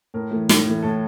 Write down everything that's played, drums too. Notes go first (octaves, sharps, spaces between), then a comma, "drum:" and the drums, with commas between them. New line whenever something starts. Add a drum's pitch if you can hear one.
A2 A#4
E3 A3
A2, drum: snare
E3 A3
A2 A4